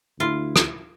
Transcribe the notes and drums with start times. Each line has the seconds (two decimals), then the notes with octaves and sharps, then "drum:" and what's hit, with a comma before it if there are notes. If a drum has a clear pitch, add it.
0.20 D2 E4 F4
0.56 drum: rim click